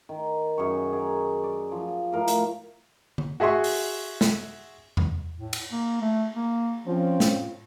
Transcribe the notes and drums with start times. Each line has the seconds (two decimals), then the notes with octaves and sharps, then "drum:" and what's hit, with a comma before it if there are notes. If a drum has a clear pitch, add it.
0.09 D#3
0.58 F#2 G#4 C#6
0.93 G#4 A#4
1.44 D5
1.72 F3
2.12 A2 A#4 F5
2.28 drum: hi-hat
3.18 drum: tom D3
3.40 F#4 G#4 E5 C6 C#6
3.64 drum: open hi-hat
4.21 drum: snare
4.97 drum: tom E2
5.37 A2
5.53 drum: cymbal
5.72 A#3
6.01 A3
6.35 A#3
6.86 F3 C4 C#4 F4
7.20 A2, drum: snare